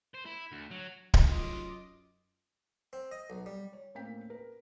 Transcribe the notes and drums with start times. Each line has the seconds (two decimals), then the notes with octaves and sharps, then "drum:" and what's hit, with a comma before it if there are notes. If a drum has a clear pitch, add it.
0.15 C5
0.26 E4
0.52 D2
0.71 F#3
1.14 drum: kick D1
1.28 F#2 F4 D#5 D6
2.93 C4
3.11 D#5
3.30 B1
3.46 G3
3.73 C#5
3.95 A2 A#3 C4 C#4 G5 B6
4.30 A#4 B4